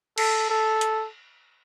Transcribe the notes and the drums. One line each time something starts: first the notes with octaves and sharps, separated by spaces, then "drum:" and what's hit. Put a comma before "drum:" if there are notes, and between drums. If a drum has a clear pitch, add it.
A4, drum: cymbal
A4
drum: hi-hat